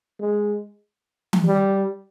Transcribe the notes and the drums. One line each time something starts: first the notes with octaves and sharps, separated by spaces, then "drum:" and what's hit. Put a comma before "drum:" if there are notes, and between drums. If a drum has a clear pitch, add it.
G#3
drum: tom E3
G3